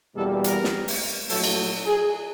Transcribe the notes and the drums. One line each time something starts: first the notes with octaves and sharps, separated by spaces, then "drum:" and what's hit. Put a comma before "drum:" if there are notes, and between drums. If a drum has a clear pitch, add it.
E2 B2 G3 A#3 A4
A#4, drum: hi-hat
drum: snare
drum: open hi-hat
A#1 A2 F#3 A3 A4, drum: open hi-hat
drum: cymbal
G#4